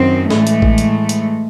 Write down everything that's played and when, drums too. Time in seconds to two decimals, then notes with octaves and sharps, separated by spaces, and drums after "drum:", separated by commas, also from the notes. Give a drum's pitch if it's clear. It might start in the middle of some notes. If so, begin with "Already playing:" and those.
Already playing: F#2 D#3 F#3 C4
0.30 A2 E3 G#3 A3, drum: snare
0.47 drum: hi-hat
0.62 drum: kick A1
0.78 drum: hi-hat
1.09 drum: hi-hat